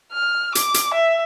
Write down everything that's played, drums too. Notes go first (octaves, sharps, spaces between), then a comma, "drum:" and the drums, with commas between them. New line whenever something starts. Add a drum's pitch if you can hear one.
F6
D6, drum: hi-hat
drum: hi-hat
E5